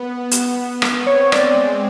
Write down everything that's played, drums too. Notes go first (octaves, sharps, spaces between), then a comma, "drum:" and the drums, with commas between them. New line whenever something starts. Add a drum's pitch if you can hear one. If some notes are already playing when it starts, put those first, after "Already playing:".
Already playing: B3
drum: hi-hat
drum: rim click
C4 C#5
D5, drum: rim click
G#3